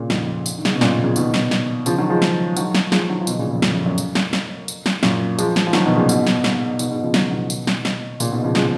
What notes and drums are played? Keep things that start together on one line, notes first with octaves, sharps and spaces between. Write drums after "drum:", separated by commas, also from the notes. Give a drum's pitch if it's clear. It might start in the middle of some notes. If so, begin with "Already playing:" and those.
Already playing: A#2 C#3
F2 G#2, drum: snare
drum: tambourine
D#3
C#3, drum: snare
B2
F#2 A#2, drum: snare
A#2 C#3
B2 D#3, drum: tambourine
drum: snare
drum: snare
C#3 F3, drum: tambourine
D#3 F#3
F3 G#3
drum: snare
D#3 F#3, drum: tambourine
drum: snare
F3 G#3, drum: snare
D#3 F#3
F3
B2 D#3, drum: tambourine
A#2 C#3
F2
F2, drum: snare
F#2
F#2
drum: tambourine
drum: snare
drum: snare
drum: tambourine
drum: snare
F#2 A#2, drum: snare
F3 G#3, drum: tambourine
drum: snare
F3
D#3 F#3, drum: snare
B2 D#3
A#2 C#3
G#2 B2, drum: tambourine
drum: snare
drum: snare
G#2 B2, drum: tambourine
G#2 B2
C#3 F3
D#3 F#3, drum: snare
B2 D#3
drum: tambourine
drum: snare
drum: snare
A#2 C#3, drum: tambourine
G#2 B2
C#3 F3
F3 G#3, drum: snare